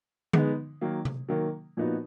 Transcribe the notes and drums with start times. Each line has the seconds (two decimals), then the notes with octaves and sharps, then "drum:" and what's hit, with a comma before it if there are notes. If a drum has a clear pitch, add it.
0.33 G#3 B3 D#4, drum: tom D3
0.81 D#3 F#3 A#3
1.05 drum: tom C3
1.29 D#3 F#3 A#3
1.77 A#2 F3 B3 D#4 F#4